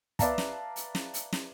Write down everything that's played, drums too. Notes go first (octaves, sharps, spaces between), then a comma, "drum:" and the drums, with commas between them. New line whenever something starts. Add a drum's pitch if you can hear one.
B4 D5 E5 F5 A5 A#5, drum: kick, hi-hat
drum: snare
drum: hi-hat
drum: snare
drum: hi-hat
drum: snare